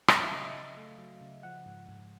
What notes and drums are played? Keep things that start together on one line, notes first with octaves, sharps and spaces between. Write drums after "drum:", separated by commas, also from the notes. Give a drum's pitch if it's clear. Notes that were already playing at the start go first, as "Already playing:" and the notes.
F#3 F5, drum: rim click
E5
C#3 D#5
E5
C#3
A3
F#3
C#3
F3 F#5
G#2
G#2